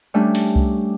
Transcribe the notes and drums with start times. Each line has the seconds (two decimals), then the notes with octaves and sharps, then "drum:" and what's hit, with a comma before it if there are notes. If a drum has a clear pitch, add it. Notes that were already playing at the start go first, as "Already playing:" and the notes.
0.14 G3 A3 C#4 D4
0.35 drum: open hi-hat
0.56 drum: kick C2